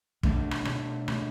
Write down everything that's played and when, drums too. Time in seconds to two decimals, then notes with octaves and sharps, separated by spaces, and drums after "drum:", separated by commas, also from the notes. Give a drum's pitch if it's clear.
0.23 B2 A3 D4, drum: kick
0.51 drum: rim click
0.65 B2 A3 D4, drum: rim click
1.08 B2 A3 D4, drum: rim click